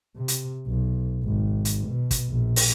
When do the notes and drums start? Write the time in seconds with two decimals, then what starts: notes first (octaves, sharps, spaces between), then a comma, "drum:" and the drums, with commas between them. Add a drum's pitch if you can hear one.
0.16 C3
0.28 drum: hi-hat
0.67 B1
1.24 G#1
1.65 drum: hi-hat
1.88 B2
2.11 drum: kick, hi-hat
2.29 A#1
2.56 drum: open hi-hat